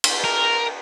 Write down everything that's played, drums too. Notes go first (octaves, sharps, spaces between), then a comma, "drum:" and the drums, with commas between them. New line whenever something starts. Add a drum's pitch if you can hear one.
drum: cymbal
A#4